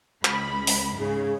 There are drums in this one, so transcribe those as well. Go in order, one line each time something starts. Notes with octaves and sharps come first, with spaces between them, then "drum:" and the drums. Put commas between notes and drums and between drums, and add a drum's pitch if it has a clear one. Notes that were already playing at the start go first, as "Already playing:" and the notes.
C#2 B5, drum: clap
drum: open hi-hat
G#2 C#3